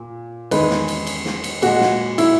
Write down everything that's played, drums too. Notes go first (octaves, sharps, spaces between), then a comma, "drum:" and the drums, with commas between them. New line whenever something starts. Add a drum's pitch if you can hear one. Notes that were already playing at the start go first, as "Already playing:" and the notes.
Already playing: A#2
E2 D#3 G#3 B4, drum: cymbal
drum: snare
drum: cymbal
drum: cymbal
drum: snare
drum: cymbal
A#2 G#3 F#4, drum: cymbal
drum: snare
E4, drum: cymbal